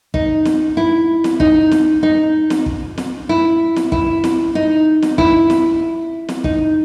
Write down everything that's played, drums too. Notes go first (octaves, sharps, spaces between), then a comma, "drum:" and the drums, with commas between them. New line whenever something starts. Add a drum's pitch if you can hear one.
D#4, drum: kick
drum: snare
E4
drum: snare
D#4, drum: kick
drum: snare
D#4
drum: snare
drum: kick
drum: snare
E4
drum: snare
E4, drum: kick
drum: snare
D#4
drum: snare
E4, drum: kick
drum: snare
drum: snare
D#4, drum: kick